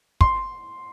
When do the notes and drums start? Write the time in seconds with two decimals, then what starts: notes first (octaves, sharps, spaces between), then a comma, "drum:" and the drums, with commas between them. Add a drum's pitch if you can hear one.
0.21 C6, drum: kick